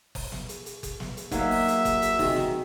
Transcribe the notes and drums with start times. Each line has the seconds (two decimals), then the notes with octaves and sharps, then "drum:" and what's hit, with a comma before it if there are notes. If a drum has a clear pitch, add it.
0.15 drum: kick F#1, open hi-hat
0.32 drum: snare
0.49 drum: hi-hat
0.66 drum: hi-hat
0.83 drum: kick F#1, hi-hat
1.00 drum: snare
1.17 drum: hi-hat
1.32 F#3 A#3 D#4 E5, drum: kick F#1, hi-hat
1.51 drum: open hi-hat
1.68 drum: hi-hat
1.85 drum: kick F#1, hi-hat
2.02 drum: hi-hat
2.19 C3 D#3 D#4 F#4 G#4, drum: kick F#1, open hi-hat
2.36 drum: snare